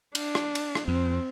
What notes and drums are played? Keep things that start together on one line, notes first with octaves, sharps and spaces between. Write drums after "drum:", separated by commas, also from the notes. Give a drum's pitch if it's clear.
D4, drum: cymbal
drum: rim click
drum: cymbal
drum: rim click
F2 C4